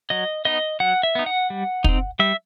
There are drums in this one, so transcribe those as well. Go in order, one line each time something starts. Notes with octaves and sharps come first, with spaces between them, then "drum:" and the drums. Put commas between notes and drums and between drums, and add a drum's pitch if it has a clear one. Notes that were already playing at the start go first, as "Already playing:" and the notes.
F#3 D#5
B3 D#4 D#5
F#3 F#5
E5
B3 D#4
F#5
G3
C4 D#4, drum: kick
G3 E5